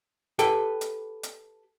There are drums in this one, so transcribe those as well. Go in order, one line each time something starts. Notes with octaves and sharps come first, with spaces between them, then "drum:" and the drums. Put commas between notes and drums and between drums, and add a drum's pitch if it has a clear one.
G4 A4 B4 G5, drum: hi-hat
drum: hi-hat
drum: hi-hat